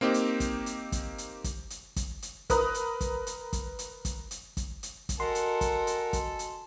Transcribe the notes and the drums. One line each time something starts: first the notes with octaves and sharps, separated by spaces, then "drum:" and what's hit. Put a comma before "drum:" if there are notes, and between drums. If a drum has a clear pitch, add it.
A#3 C4 D#4 G4
drum: hi-hat
drum: kick, hi-hat
drum: hi-hat
drum: kick, hi-hat
drum: hi-hat
drum: kick, hi-hat
drum: hi-hat
drum: kick, hi-hat
drum: hi-hat
A#4 B4 A#5 D#6 F#6, drum: kick, hi-hat
drum: hi-hat
drum: kick, hi-hat
drum: hi-hat
drum: kick, hi-hat
drum: hi-hat
drum: kick, hi-hat
drum: hi-hat
drum: kick, hi-hat
drum: hi-hat
drum: kick, hi-hat
F#4 A4 A#4 D#5 F#5 G#5 A#5 C6
drum: hi-hat
drum: kick, hi-hat
drum: hi-hat
drum: kick, hi-hat
drum: hi-hat